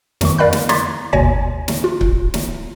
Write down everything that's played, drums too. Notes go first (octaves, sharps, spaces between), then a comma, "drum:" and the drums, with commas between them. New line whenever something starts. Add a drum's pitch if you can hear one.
F2 D#3 C#6, drum: snare
A#4 D5 F5 B5 F#6
drum: snare
A#5 C6 D6 G#6 A6 B6, drum: snare
G1 D#2 B2 C#5 G#5 A#6
drum: snare
F4
drum: kick C#1
drum: snare